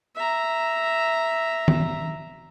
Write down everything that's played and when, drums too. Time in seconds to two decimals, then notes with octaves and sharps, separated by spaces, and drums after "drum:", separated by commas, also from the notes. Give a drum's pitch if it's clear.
0.16 E5 A#5
1.68 drum: tom D#3